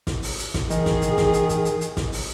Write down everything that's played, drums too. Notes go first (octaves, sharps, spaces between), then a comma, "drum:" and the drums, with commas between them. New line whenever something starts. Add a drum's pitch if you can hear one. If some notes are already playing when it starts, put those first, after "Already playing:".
drum: snare
drum: open hi-hat
drum: hi-hat
drum: snare
D#3 E3 G#4, drum: hi-hat
drum: snare
drum: kick, hi-hat
drum: snare
drum: hi-hat
drum: kick, hi-hat
drum: hi-hat
drum: hi-hat
drum: snare
drum: open hi-hat